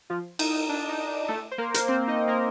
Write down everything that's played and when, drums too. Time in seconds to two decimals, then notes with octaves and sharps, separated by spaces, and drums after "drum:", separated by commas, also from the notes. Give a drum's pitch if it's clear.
0.10 F3 F4
0.39 D#4, drum: cymbal
0.69 D4
0.89 D#4
1.28 A3 A4
1.51 C5
1.58 A#3 A#4
1.74 drum: hi-hat
1.88 C4 C5
2.08 D#4 D#5
2.28 A#3 A#4